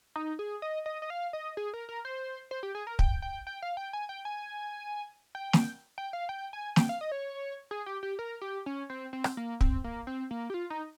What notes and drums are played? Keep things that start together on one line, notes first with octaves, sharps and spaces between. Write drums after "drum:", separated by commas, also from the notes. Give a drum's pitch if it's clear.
D#4
G#4
D#5
D#5
D#5
F5
D#5
G#4
A#4
A#4
C5
C5
G4
G#4
A#4
G5, drum: kick
G5
G5
F5
G5
G#5
G5
G#5
G5
drum: snare
G5
F5
G5
G#5
G5, drum: snare
F5
D#5
C#5
G#4
G4
G4
A#4
G4
C#4
C4
C4
drum: rim click
A#3
C4, drum: kick
A#3
C4
A#3
G4
F4
D#4